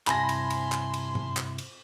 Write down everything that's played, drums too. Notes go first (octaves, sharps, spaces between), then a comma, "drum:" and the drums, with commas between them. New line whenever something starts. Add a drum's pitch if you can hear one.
G2 C3 E4 G#5 A5 B5 C6 A#6, drum: clap
drum: cymbal
drum: cymbal
drum: clap
drum: cymbal
drum: tom G#2
drum: clap
drum: cymbal